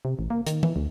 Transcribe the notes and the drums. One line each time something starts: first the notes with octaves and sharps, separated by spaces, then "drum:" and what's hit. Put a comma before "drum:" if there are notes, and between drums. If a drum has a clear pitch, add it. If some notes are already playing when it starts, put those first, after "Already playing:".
C3
A1
A#3
D#3, drum: hi-hat
E3, drum: tom
D2